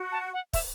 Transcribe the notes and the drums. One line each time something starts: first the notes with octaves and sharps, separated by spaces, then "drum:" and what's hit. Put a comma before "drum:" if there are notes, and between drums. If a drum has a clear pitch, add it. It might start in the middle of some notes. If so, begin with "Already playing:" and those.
Already playing: F#4
A5
F#5
E5, drum: kick, open hi-hat